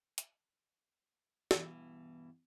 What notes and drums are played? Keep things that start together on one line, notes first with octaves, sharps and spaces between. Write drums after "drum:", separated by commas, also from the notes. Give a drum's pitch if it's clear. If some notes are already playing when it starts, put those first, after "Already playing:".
drum: hi-hat
G2 B2 E3, drum: snare